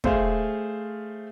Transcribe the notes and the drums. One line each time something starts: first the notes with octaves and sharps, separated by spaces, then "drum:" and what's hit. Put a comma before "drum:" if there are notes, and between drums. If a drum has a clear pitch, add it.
A3 G#4 C5 F5, drum: kick